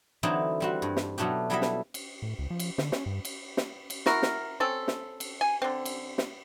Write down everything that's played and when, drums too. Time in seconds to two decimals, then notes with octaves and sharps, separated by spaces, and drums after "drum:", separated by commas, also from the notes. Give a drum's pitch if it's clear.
0.23 D3 E3 F#3 C4 D#4 E4
0.60 G3 C4 F#4
0.82 G2
0.96 drum: snare
1.18 B2 F#3 A3 D4 G4
1.50 F#3 G3 E4 A4 D#5 E5
1.62 drum: snare
1.94 drum: cymbal
2.22 A2
2.39 C#2
2.50 F3
2.59 drum: cymbal
2.78 D3, drum: snare
2.92 C#4, drum: snare
3.06 G2
3.25 drum: cymbal
3.57 drum: snare
3.90 drum: cymbal
4.06 E4 F#4 A#4, drum: snare
4.22 drum: snare
4.60 C4 C#4 A4
4.88 drum: snare
5.20 drum: cymbal
5.41 G#5
5.62 D3 C4
5.85 drum: cymbal
6.18 drum: snare